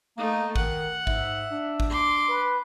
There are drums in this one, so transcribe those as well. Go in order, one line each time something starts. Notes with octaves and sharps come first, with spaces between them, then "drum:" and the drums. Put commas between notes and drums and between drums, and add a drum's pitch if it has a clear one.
A3 A#3 D#4
D#3 F#5, drum: kick
G#2 E5, drum: kick
D4
drum: kick
C6 D6
B4